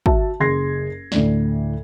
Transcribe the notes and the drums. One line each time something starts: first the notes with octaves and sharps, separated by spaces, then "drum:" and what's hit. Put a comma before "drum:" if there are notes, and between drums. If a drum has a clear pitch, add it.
F#4 E5 A5, drum: kick
F#1 G#4 C6 G#6 A#6 C7
D2 A2 D5, drum: snare